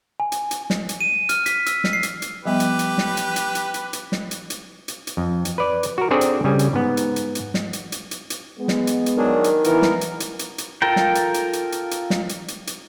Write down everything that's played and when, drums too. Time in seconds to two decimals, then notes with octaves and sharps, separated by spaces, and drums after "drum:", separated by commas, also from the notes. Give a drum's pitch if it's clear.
0.20 G#5
0.32 drum: hi-hat
0.51 drum: hi-hat
0.70 drum: snare
0.89 drum: hi-hat
1.01 D#7
1.29 F6, drum: hi-hat
1.46 B6, drum: hi-hat
1.66 E6, drum: hi-hat
1.84 drum: snare
1.93 C7
2.03 drum: hi-hat
2.22 drum: hi-hat
2.46 F3 G3 B3 G4 B4
2.60 drum: hi-hat
2.79 drum: hi-hat
2.98 drum: snare
3.17 drum: hi-hat
3.36 drum: hi-hat
3.55 drum: hi-hat
3.74 drum: hi-hat
3.93 drum: hi-hat
4.12 drum: snare
4.31 drum: hi-hat
4.50 drum: hi-hat
4.88 drum: hi-hat
5.07 drum: hi-hat
5.17 F2
5.45 drum: hi-hat
5.58 B4 D5
5.83 drum: hi-hat
5.98 F#4 A#4
6.11 C4 D4 G#4 A4 C5 D5
6.21 drum: hi-hat
6.44 C#3 G3 G#5
6.59 drum: hi-hat
6.73 G#2 B3
6.97 drum: hi-hat
7.16 drum: hi-hat
7.35 drum: hi-hat
7.54 drum: snare
7.73 drum: hi-hat
7.92 drum: hi-hat
8.11 drum: hi-hat
8.30 drum: hi-hat
8.59 G#3 B3
8.68 drum: snare
8.87 drum: hi-hat
9.06 drum: hi-hat
9.18 D#3 F#3 D4 G#4
9.44 drum: hi-hat
9.64 E3 B3 A#4, drum: hi-hat
9.82 drum: snare
10.01 drum: hi-hat
10.20 drum: hi-hat
10.39 drum: hi-hat
10.58 drum: hi-hat
10.82 F4 A4 A#4 G5
10.96 drum: snare
11.15 drum: hi-hat
11.34 drum: hi-hat
11.53 drum: hi-hat
11.72 drum: hi-hat
11.91 drum: hi-hat
12.10 drum: snare
12.29 drum: hi-hat
12.48 drum: hi-hat
12.67 drum: hi-hat